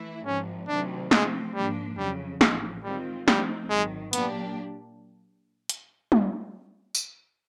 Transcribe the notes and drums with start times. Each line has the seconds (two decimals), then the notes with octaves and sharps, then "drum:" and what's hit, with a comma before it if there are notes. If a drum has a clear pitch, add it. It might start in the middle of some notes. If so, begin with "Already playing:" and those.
Already playing: E3 A3 E4
0.26 G#1 G#2 F3 C#4
0.68 D2 C3 D#3 F#3 A3 D4
1.11 F3 G#3 A3 C4, drum: snare
1.54 G#2 F3 G3 A#3 D4
1.97 F2 C#3 F#3 G3
2.41 A1 A2 F3 G#3, drum: snare
2.84 D#3 G3 G#3 C4 F4
3.28 F3 G3 A3 C4 D#4, drum: snare
3.70 G#1 F#2 D#3 G#3
4.13 A#2 F#3 A#3 B3 D4 G4, drum: hi-hat
5.69 drum: hi-hat
6.12 drum: tom
6.95 drum: tambourine